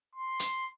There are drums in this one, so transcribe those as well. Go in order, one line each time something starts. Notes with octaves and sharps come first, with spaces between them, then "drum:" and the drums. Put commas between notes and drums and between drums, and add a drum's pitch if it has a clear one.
C6
drum: hi-hat